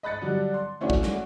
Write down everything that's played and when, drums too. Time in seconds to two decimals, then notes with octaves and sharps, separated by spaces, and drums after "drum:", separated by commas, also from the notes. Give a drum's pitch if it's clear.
0.03 D#5 B5 F#6 A6 C#7
0.21 D3 F#3 G3
0.54 C6
0.81 A3 C#4 D4 E4 F#4
0.90 drum: kick
1.03 drum: snare